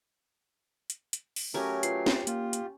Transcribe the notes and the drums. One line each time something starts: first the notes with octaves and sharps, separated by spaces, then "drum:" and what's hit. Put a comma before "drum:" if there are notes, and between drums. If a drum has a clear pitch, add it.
drum: hi-hat
drum: hi-hat
drum: open hi-hat
F#3 A3 C#4 G4 A#4
F4 B4 C7, drum: hi-hat
drum: snare
A#3 F4, drum: hi-hat
drum: hi-hat